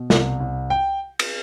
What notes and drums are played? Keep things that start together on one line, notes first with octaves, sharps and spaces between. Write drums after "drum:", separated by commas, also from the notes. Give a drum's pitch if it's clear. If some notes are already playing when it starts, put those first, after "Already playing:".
Already playing: B2
C2, drum: snare
C2
G5
drum: cymbal